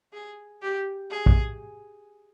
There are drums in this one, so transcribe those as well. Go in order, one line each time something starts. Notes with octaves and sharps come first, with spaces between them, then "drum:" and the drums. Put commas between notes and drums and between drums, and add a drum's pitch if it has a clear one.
G#4
G4
G#4
drum: kick